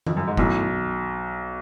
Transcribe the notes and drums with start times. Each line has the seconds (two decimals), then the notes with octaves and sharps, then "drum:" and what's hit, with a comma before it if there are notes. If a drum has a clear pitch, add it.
0.06 F2, drum: tom D#3
0.17 F#2
0.27 G#2
0.37 B1 F#2 A2, drum: kick F1